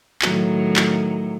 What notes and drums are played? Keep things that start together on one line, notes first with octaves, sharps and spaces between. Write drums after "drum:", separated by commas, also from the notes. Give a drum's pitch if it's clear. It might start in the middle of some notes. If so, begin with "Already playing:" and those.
A2 D#3 F#3, drum: clap
drum: clap